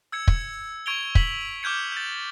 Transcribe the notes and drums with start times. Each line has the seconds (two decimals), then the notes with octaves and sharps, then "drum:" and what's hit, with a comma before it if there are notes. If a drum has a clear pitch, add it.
0.12 E6 G#6 C#7
0.28 G#6, drum: kick
0.86 C#6 G#6 D7 F7 G7
1.15 B6 F#7, drum: kick
1.63 D6 F6 G6 G#6 C#7
1.92 G6 A6